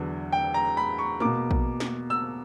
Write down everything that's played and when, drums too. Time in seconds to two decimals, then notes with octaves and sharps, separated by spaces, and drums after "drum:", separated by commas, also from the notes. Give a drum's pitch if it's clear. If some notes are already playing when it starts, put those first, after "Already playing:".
Already playing: E2 D3 F#3 B3
0.32 G5
0.54 A#5
0.77 B5
0.99 C#6
1.20 B2 A#3 D6, drum: tom
1.51 drum: kick A#1
1.80 drum: snare
2.10 E6